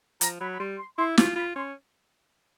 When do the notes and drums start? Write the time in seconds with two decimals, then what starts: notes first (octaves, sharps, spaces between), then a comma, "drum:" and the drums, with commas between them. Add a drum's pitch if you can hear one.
0.21 F3 A#5, drum: hi-hat
0.40 F#3 B5
0.51 B5
0.59 G3 C6
0.79 C6
0.97 E4 C6
1.18 F4 C#6, drum: snare
1.36 F4 B5
1.55 C#4 C6